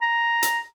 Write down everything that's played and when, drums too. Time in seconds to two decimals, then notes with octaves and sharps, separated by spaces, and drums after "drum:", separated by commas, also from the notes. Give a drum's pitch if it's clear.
0.01 A#5
0.43 drum: hi-hat